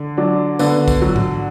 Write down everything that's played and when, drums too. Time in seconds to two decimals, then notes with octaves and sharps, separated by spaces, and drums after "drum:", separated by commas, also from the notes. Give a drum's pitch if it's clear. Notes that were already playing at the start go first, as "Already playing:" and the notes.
Already playing: D3
0.17 F#3 D4
0.59 D3 B3, drum: tambourine
0.88 drum: kick, tambourine
1.02 F#3
1.16 drum: tom G#2